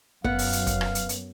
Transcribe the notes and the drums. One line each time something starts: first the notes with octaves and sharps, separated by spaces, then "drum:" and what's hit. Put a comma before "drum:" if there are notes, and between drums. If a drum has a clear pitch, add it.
F#2 B3 F5 F#5, drum: kick
drum: open hi-hat
drum: hi-hat
drum: kick, hi-hat
drum: rim click
drum: hi-hat
drum: hi-hat